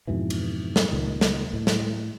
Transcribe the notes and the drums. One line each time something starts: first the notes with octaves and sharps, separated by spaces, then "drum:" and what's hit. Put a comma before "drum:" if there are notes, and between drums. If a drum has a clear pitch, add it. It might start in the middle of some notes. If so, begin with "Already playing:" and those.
F2 G#2 B2 E3
drum: cymbal
drum: snare
C#2 A#2 D#3
drum: snare
A2
drum: snare